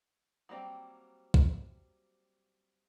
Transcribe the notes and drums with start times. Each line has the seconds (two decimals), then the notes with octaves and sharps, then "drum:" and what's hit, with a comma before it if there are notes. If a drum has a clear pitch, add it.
0.49 F#3 G3 A#3 C4 G5
1.34 drum: kick